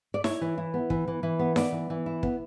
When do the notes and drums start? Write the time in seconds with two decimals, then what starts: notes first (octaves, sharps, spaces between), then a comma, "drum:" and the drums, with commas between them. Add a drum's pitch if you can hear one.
0.14 D5
0.24 E4 C#5, drum: snare D#4
0.41 E3
0.58 E4
0.74 B3
0.90 E3, drum: kick
1.08 E3
1.23 E3
1.39 B3
1.56 B3 D5, drum: snare D#4
1.72 E3
1.90 E3
2.06 E4
2.23 B3, drum: kick